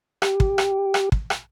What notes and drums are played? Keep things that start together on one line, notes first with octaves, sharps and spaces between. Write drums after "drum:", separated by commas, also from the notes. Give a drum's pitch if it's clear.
G4, drum: rim click
drum: kick
drum: rim click
drum: rim click
drum: kick
drum: rim click